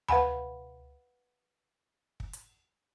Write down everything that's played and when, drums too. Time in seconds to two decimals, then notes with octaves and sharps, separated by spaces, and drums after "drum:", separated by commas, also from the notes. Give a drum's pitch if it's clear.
0.09 B4 F5 F#5 G#5 B5, drum: tom D2
2.20 drum: kick
2.33 drum: hi-hat